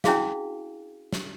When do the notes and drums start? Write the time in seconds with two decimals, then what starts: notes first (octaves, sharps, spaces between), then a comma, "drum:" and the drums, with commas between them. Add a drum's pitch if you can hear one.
0.04 C#4 D4 E4 F#4 G#4 F5, drum: snare
1.13 drum: snare